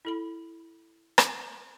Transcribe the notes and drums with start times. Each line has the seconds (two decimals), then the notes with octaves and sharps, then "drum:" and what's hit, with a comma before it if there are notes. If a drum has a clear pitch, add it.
0.05 E4 A4 B5
1.18 drum: rim click